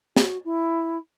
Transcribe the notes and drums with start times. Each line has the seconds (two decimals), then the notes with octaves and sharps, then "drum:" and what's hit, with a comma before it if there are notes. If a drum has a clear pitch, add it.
0.16 F#4, drum: snare
0.45 E4